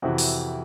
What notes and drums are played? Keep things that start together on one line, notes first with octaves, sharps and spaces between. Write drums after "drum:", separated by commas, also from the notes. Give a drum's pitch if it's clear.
F2 C3 E3 E4 F#4
drum: open hi-hat